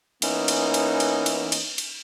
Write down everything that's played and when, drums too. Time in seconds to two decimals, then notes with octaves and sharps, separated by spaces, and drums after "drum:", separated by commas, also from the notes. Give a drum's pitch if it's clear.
0.22 E3 A#3 B3 C#4 D#4, drum: cymbal
0.48 drum: cymbal
0.74 drum: cymbal
1.00 drum: cymbal
1.26 drum: cymbal
1.52 drum: cymbal
1.78 drum: cymbal